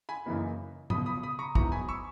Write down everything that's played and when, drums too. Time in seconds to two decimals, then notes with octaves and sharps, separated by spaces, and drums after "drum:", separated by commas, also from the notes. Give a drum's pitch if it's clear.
0.09 G#5 B5
0.25 F#2 C#3 E3 A#3 D#4
0.90 C#2 B2 F#3 B5 D#6, drum: tom A2
1.06 B5 D#6
1.23 B5 D#6
1.39 A#5 C#6
1.55 G#2 F#3 B3 E4 A#5 C#6, drum: kick
1.72 G#5 B5
1.89 C#6 E6